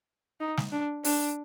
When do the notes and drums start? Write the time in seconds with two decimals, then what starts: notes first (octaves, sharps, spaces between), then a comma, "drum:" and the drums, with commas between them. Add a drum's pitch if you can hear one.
0.40 D#4
0.57 drum: snare
0.72 D4
1.04 D4, drum: open hi-hat